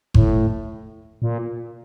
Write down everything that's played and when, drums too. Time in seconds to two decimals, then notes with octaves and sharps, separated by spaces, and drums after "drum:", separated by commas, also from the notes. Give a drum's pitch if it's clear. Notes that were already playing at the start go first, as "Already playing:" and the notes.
0.14 A2, drum: kick G1
1.22 A#2